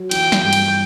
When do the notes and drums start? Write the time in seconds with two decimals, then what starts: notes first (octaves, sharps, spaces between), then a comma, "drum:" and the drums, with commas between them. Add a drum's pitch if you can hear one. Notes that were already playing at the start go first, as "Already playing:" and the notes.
Already playing: F#3
0.11 E3 G5, drum: cymbal
0.32 drum: snare
0.43 G2 G5
0.53 drum: cymbal